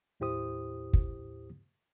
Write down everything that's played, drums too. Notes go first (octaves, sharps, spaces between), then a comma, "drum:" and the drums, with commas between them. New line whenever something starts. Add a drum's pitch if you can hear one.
D#2 A2 E4 G4 C5 D#6
drum: kick